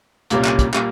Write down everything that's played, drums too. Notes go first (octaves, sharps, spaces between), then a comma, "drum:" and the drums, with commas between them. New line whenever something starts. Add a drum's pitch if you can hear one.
C2 A#2 G3 A#3 C#4, drum: hi-hat
drum: clap
drum: kick, hi-hat
A#2 G3 A#3, drum: clap